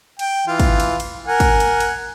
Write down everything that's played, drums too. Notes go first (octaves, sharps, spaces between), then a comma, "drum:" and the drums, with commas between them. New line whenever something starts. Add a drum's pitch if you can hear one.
G5, drum: cymbal
E3 F4
drum: kick, cymbal
drum: cymbal
drum: cymbal
A#4 F#5 G#5
drum: kick, cymbal
drum: cymbal
drum: cymbal